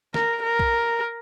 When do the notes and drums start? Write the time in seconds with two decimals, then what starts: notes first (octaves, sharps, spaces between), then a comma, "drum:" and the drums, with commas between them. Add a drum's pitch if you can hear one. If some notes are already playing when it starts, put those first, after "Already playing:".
0.14 A#4, drum: snare
0.43 A#4
0.59 drum: kick